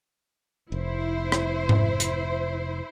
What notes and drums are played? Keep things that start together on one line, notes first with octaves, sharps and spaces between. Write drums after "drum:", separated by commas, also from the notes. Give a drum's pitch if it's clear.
F1 E4 C5
drum: rim click
drum: tom G#2
drum: hi-hat